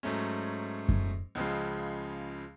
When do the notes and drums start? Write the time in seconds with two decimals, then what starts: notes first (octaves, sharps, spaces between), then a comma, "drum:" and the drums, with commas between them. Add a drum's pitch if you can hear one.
0.03 G#2 F#3 A3 C#4
0.89 drum: kick F#2
1.35 C#2 C#3 F3 G#3